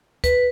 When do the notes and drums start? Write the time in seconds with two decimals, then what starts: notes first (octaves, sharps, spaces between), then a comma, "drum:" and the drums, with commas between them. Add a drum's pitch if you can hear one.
0.24 B4, drum: kick, hi-hat